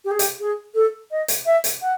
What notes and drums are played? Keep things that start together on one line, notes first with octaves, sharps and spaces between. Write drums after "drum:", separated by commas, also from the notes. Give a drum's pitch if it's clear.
G4
G#4
G4, drum: hi-hat
G#4
A4
D#5
drum: hi-hat
E5
drum: hi-hat
F#5